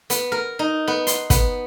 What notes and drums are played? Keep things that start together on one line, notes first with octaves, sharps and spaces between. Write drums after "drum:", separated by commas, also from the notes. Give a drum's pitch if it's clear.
B3, drum: hi-hat
A#4
D#4
B3
C6, drum: hi-hat
B3, drum: kick, hi-hat